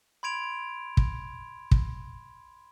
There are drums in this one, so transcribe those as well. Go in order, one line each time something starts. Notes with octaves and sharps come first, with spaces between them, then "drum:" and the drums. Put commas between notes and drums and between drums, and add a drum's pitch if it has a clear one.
B5 C6 G#6 D7 F7
drum: kick
drum: kick